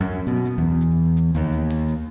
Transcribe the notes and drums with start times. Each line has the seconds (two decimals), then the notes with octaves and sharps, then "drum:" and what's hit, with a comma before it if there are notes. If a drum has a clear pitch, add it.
0.01 F#2
0.27 B2, drum: hi-hat
0.45 drum: hi-hat
0.58 E2
0.81 drum: hi-hat
1.17 drum: hi-hat
1.35 D#2, drum: hi-hat
1.53 drum: hi-hat
1.70 drum: open hi-hat
1.88 drum: hi-hat